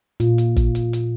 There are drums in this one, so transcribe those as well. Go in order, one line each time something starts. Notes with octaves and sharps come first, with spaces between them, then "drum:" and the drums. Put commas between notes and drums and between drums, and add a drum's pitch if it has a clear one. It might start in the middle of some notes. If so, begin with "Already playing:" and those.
A#2 F4, drum: hi-hat
drum: hi-hat
drum: kick, hi-hat
drum: hi-hat
drum: hi-hat